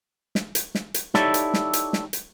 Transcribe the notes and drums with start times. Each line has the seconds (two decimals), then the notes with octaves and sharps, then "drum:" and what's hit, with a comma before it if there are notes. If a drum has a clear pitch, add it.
0.35 drum: snare
0.55 drum: hi-hat
0.75 drum: snare
0.94 drum: hi-hat
1.14 D#4 E4 G4 A4 C#5 D5, drum: snare
1.34 drum: hi-hat
1.54 drum: snare
1.73 drum: hi-hat
1.93 drum: snare
2.13 drum: hi-hat